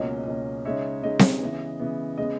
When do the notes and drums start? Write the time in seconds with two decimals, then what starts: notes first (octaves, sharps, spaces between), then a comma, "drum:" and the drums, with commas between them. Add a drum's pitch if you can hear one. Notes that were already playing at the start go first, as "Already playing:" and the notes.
Already playing: C#2 B2 F#3 A#3 C#4 D#5
0.26 C#2 B2 F#3 A#3 C#4
0.65 C#3 G#3 D#4 C#5 E5
1.03 C#3 G#3 D#4 D#5
1.19 drum: snare C4
1.41 C#3 E3 B3
1.80 C#3 E3 B3
2.18 C#3 G#3 B3 D#5